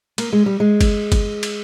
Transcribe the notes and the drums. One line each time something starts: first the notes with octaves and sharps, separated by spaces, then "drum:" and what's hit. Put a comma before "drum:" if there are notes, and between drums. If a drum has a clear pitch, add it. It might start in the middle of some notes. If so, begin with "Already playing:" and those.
A#3, drum: cymbal
G#3
G3
G#3
drum: kick G1, cymbal
drum: kick G1, cymbal
drum: cymbal